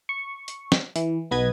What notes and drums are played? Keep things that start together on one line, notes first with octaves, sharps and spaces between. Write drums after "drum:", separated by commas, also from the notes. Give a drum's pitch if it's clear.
C#6
drum: hi-hat
drum: snare
E3, drum: hi-hat
B1 B3 B4 D#5 G#6